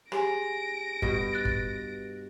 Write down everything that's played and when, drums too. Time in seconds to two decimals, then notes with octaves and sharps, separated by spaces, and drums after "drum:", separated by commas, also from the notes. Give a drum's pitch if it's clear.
0.12 G4 G#4 G#5 A#6 D7, drum: rim click
1.02 G2 B2, drum: kick F#1
1.33 F#6 A6
1.45 drum: kick F#1